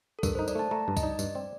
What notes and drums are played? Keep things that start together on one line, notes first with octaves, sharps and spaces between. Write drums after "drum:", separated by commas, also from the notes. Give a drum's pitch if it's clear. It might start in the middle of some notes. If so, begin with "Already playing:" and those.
A4
G2 A#4, drum: kick, tambourine
C5
D#4
D5, drum: tambourine
A3 A5
A3 A#5
G2
D#5, drum: kick, tambourine
D#4 D5
G2, drum: tambourine
C4 D5